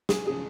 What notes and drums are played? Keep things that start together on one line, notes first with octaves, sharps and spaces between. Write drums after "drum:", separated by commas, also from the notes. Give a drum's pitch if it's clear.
G#4, drum: snare
C#3 F3 G#4